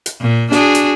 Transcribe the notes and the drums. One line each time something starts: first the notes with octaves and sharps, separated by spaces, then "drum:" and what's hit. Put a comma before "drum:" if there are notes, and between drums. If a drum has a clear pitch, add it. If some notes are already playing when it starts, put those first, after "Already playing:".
drum: hi-hat
A#2
D4 F#4 G#4, drum: snare
drum: hi-hat